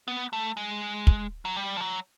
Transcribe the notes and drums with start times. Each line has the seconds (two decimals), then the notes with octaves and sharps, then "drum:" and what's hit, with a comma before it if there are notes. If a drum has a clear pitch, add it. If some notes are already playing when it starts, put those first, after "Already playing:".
0.08 B3
0.33 A3
0.57 G#3
1.07 drum: kick
1.45 F#3
1.57 G3
1.77 F3
1.81 F#3